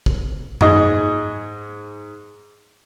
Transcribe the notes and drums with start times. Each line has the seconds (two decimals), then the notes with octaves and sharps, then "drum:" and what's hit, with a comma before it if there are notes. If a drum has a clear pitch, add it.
0.06 drum: kick
0.61 G#2 G#4 D#5, drum: tom F#2